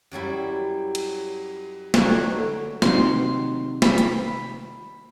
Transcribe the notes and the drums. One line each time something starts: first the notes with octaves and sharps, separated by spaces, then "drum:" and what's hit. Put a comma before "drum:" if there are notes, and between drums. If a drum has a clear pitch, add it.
F#2 F#3 G3 E4
drum: cymbal
D3 F#3 A3 D#4 E4 F#4, drum: snare
C3 D#3 F#3 C6, drum: snare
B5, drum: snare
drum: hi-hat